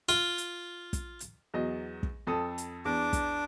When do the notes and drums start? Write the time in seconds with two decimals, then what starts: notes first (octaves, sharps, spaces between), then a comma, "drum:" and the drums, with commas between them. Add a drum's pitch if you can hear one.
0.09 F4, drum: hi-hat
0.38 drum: hi-hat
0.93 drum: kick, hi-hat
1.20 drum: hi-hat
1.54 E2 F#3 D#5
2.03 drum: kick
2.27 F2 A4 D#6
2.58 drum: hi-hat
2.85 E2 D4 D6
3.13 drum: kick, hi-hat